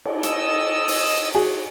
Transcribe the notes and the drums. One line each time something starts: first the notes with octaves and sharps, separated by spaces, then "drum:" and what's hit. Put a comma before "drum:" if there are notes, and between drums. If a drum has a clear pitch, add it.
drum: cymbal
D#5 E6, drum: hi-hat
drum: open hi-hat
F#4 G#4